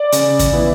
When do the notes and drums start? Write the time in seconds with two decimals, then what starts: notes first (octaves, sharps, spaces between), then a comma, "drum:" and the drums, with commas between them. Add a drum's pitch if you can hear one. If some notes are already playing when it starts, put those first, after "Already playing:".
Already playing: D5 D6
0.12 C#3, drum: hi-hat
0.39 drum: kick, hi-hat
0.53 E3 B3 E4